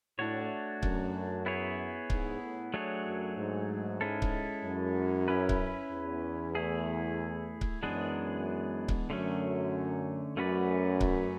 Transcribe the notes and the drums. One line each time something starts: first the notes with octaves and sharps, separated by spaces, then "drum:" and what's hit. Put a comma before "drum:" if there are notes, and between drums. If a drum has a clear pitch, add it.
A2 A3 D4 F#4 C#5
F#2, drum: kick C#1
B3 E4 G#4 C#5
G#2, drum: kick C#1
A2
F#3 A3 D4 G#4 C#5
F#2
G#2
G#3 C#4 E4 A4
drum: kick C#1
F#2
C#4 E4 B4
drum: kick C#1
E2
A3 E4 G#4
drum: kick C#1
F#2 E3 G#3 B3 D4 G#4
drum: kick C#1
F#2 D3 A3 C#4
F#2 A3 C#4 F#4 B4 D5
drum: kick C#1